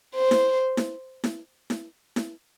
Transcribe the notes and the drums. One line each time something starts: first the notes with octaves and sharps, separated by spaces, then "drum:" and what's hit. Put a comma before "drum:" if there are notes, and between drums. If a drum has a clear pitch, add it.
C5
drum: snare E4
drum: snare E4
drum: snare E4
drum: snare E4
drum: snare E4